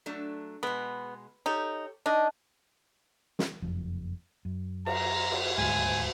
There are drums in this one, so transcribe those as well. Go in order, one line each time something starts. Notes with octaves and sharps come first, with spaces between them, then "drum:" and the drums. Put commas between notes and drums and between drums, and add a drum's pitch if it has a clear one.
F#3 A3 D4
B2 G#3 B3
D#4 G4 A4 C#5
D4 D#4 D#5
drum: snare
F#1 F2
F#2
A#5, drum: cymbal
drum: cymbal
D#1 D2 G#2 G#5